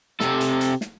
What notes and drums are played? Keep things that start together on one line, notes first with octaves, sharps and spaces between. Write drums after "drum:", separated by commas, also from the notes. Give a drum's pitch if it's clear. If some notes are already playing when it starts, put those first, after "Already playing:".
C3 A4, drum: snare
drum: hi-hat
drum: hi-hat
drum: snare